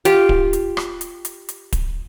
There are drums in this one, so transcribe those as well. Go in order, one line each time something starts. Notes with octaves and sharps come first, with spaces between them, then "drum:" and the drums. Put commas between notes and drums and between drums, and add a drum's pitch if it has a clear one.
F4 G4, drum: hi-hat
drum: kick D1
drum: hi-hat
drum: rim click
drum: hi-hat
drum: hi-hat
drum: hi-hat
drum: kick D1, hi-hat